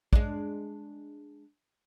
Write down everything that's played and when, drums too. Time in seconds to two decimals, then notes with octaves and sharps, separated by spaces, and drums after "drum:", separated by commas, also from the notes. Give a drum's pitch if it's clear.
0.13 G#3 D4, drum: kick